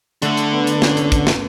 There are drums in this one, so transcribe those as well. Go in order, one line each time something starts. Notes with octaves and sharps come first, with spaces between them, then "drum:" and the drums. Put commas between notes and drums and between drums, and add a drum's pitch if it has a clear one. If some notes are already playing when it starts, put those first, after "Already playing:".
D3 A3, drum: hi-hat
drum: hi-hat
B3
drum: hi-hat
C#4, drum: snare
drum: hi-hat
drum: kick, hi-hat
drum: snare